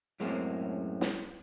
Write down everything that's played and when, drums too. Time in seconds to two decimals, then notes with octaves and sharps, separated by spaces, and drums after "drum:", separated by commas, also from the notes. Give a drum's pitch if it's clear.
0.20 F#2 A2 G#3 A#3 C4 C#4
1.01 drum: snare